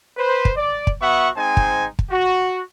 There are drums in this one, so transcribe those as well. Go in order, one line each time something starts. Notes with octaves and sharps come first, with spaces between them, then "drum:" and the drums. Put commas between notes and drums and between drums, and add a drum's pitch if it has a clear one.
B4 C5
drum: kick
D5
drum: kick
B3 F#4 E5 F#5 C#6
G#3 C4 D#4 C5 G#5
drum: kick
drum: kick
F#4